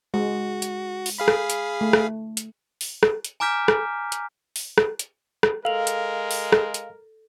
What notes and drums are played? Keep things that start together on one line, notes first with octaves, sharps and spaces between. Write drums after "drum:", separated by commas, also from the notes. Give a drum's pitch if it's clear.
G#3 F#4
drum: hi-hat
drum: open hi-hat
G#4 F5 B5
drum: rim click
drum: hi-hat
A3
drum: rim click
drum: hi-hat
drum: open hi-hat
drum: rim click
drum: hi-hat
G#5 A#5 D6 F6 G6 B6
drum: rim click
drum: hi-hat
drum: open hi-hat
drum: rim click
drum: hi-hat
drum: rim click
G#3 A4 A#4 F5 F7
drum: hi-hat
drum: open hi-hat
drum: rim click
drum: hi-hat